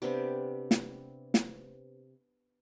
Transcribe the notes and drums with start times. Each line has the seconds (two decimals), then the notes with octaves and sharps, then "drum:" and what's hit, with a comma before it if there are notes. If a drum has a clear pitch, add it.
0.02 C3 B3 D4 G4
0.71 drum: snare
1.34 drum: snare